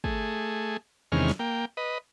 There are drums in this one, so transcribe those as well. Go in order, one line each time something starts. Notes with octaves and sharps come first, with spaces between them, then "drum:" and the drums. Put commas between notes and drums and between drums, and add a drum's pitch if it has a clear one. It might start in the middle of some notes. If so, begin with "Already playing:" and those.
A3 G#4, drum: kick
E2 C3 D#3 G#3 C#4 F6
drum: snare
A#3 G5
B4 D#5